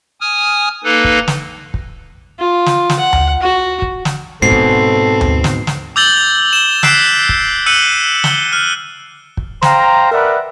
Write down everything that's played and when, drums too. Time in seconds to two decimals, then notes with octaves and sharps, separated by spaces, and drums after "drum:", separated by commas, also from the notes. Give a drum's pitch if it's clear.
0.21 G#5 D#6 F6
0.84 A#3 D#4 A4 B4
1.04 drum: kick
1.28 drum: snare
1.74 drum: kick
2.39 F4
2.66 drum: snare
2.90 drum: snare
2.99 F#5
3.13 drum: tom D2
3.41 F#4
3.82 drum: kick
4.05 drum: snare
4.42 G#2 B2 C4 A4 C7
4.51 drum: kick
5.21 drum: tom D2
5.44 drum: snare
5.67 drum: snare
5.96 D6 E6 G6 A6 F#7 G7
6.53 E7 G7
6.83 E6 F#6 B6 C7 D7 E7, drum: snare
7.29 drum: kick
7.66 E6 F#6 C#7 D#7 F#7
8.24 G7, drum: snare
8.53 F6
9.37 drum: kick
9.62 C5 F5 G5 A#5, drum: snare
10.12 A#4 B4 D5 E5 F#5